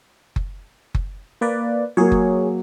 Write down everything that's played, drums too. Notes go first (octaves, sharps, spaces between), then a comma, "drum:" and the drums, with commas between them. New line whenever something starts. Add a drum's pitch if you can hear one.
drum: kick F#1
drum: kick F#1
A#3 B4 D5
F#3 A#3 G#4 C#5
drum: kick F#1